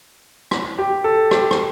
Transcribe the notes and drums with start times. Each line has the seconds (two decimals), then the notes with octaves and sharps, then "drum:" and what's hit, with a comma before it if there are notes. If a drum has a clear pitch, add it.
0.51 drum: rim click
0.78 G4
1.04 A4
1.31 G4, drum: rim click
1.51 drum: rim click